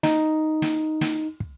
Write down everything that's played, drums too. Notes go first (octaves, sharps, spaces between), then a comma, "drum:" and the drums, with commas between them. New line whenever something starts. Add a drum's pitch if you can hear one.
D#4, drum: snare
drum: snare
drum: snare
drum: kick